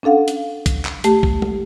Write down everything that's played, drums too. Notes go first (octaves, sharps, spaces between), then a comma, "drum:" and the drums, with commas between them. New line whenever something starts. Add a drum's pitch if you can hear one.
C#4 D4 A4 F5 F#5
drum: hi-hat
drum: kick, hi-hat
drum: clap
A3 G4, drum: hi-hat
drum: kick
drum: tom